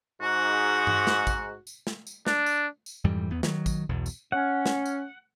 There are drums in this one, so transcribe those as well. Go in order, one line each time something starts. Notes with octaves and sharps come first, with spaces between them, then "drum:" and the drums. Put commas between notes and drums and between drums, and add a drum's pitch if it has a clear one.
G#2 F#4
drum: tom G2
drum: snare
drum: kick, tambourine
drum: tambourine
drum: snare
drum: tambourine
D4, drum: snare
drum: tambourine
drum: tambourine
F2 G#2 E3 G3
E2 B3
D#3 F#3, drum: snare
drum: kick, tambourine
B1 E2 B2
drum: tambourine
C#4 F#5
drum: snare
drum: tambourine